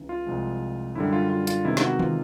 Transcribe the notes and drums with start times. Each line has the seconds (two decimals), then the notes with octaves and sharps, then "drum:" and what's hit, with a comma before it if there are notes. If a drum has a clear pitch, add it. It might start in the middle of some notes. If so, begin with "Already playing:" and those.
Already playing: C#2 C#3 E3
0.09 F4
0.26 C2 C3 F3 G#3
0.95 F#2 D3 G3 E4
1.13 F4
1.30 F4
1.47 F4, drum: hi-hat
1.64 E2 C3 D#3 G#3 E4
1.77 F4, drum: snare
1.82 F#4
1.99 F4, drum: tom D#3